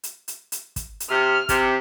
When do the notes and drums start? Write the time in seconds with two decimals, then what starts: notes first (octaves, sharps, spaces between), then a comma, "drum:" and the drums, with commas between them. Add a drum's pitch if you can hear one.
0.03 drum: hi-hat
0.28 drum: hi-hat
0.52 drum: hi-hat
0.76 drum: kick, hi-hat
1.00 drum: hi-hat
1.10 C3 F6
1.49 C3, drum: kick, hi-hat